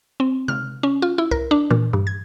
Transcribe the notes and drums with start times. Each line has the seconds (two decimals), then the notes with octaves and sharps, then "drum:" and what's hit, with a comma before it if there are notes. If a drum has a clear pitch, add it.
0.20 C4
0.48 F6, drum: tom C3
0.83 C#4
1.02 F4
1.18 E4
1.31 A#4, drum: kick C2
1.51 D4
1.70 A#2, drum: tom E3
1.93 G2
2.07 G#6